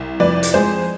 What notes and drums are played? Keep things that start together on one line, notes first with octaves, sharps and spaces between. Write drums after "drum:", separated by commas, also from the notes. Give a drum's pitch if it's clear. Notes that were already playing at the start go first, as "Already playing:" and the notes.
Already playing: C2
F2 B4 D5
drum: hi-hat
G#3 G#4 C5